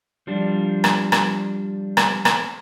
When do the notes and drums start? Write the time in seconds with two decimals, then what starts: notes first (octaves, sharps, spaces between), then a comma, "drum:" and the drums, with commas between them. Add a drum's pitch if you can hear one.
0.27 F3 G3 D4
0.84 drum: rim click
1.12 drum: rim click
1.97 drum: rim click
2.25 drum: rim click